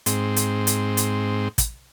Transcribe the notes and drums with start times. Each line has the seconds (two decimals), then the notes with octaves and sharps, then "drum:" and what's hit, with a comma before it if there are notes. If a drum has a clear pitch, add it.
0.06 G#2 C4, drum: hi-hat
0.36 drum: hi-hat
0.67 drum: hi-hat
0.97 drum: hi-hat
1.58 drum: kick, hi-hat